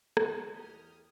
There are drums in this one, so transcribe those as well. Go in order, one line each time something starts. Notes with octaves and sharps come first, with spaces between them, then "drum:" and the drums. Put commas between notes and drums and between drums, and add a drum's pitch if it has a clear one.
D#3, drum: rim click
E2 G4 D#6 F6